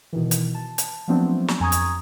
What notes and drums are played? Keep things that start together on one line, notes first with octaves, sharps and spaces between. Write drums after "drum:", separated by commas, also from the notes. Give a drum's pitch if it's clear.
B2 D#3 E3
drum: hi-hat
A5
drum: hi-hat
F3 F#3 A3 B3 C4 D4
drum: snare
F2 G#5 A#5 C#6 D#6 G#6
drum: hi-hat